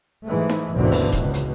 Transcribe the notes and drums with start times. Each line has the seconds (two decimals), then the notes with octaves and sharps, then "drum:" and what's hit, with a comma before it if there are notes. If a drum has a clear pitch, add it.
0.25 G#2 E3 G#3 A3
0.49 drum: snare D#4
0.75 G#1 D#2 B2 D3 E3 C4
0.91 drum: open hi-hat
1.12 C#2 B2, drum: kick D#1, hi-hat
1.33 drum: hi-hat